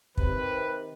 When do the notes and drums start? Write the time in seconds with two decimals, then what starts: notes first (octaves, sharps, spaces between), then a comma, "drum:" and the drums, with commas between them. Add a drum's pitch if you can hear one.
0.17 C3 D#3 B4, drum: kick